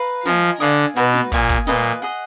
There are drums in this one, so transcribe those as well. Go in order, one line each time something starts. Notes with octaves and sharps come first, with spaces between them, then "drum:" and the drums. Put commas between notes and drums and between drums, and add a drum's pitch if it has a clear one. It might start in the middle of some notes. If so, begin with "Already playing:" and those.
Already playing: B4 F5 A#5
F3 A#4 D#5 G#5, drum: snare
D3 D5 F5 G#5 D#6
B2 D#4 F#4 B4
drum: snare
A#2 D5 F5 G#5 D#6, drum: kick
drum: kick
A#2 F4 G#4 B4 D#5, drum: snare
G#4 D#5 F#5